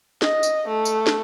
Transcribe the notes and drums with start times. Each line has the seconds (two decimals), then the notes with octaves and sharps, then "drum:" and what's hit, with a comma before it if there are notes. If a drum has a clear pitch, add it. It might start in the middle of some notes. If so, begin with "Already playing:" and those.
0.22 D#5, drum: snare
0.43 drum: tambourine
0.68 A3
0.85 drum: tambourine
1.07 drum: snare